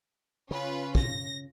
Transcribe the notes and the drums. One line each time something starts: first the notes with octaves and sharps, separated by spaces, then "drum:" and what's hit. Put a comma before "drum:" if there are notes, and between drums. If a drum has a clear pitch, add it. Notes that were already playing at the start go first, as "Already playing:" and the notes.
C#3 C#4 F4 B4
A#6, drum: kick